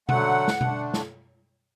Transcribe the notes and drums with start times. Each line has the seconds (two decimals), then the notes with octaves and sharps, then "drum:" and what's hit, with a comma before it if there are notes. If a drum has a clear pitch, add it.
0.09 D3 F#3 A3 F#5, drum: tom B2
0.48 drum: snare
0.61 D3 A3 D4, drum: tom B2
0.94 drum: snare